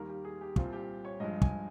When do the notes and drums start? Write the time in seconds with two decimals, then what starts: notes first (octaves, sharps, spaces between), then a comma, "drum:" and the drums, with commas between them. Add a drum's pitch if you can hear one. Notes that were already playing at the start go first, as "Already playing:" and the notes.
Already playing: D#2 D#3 G3 A#3 A#4
0.09 G4
0.25 G#4
0.41 G4
0.56 C2 A#2 G3 C4 F4, drum: kick
0.73 G4
1.05 C#5
1.20 G2 F3 G#3 D#5
1.42 G#5, drum: kick